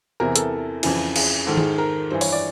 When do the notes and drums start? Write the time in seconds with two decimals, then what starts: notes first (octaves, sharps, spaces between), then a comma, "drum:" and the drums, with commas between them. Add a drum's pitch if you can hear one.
0.20 E2 C3 E3 A#4
0.36 A4, drum: hi-hat
0.83 F2 C#3 E3, drum: cymbal
1.16 G#4, drum: cymbal
1.47 G#2 D#3 A4
1.57 G#4, drum: tom D#3
1.78 A#4
2.10 G2 E3 C5
2.21 C#5, drum: open hi-hat
2.32 D5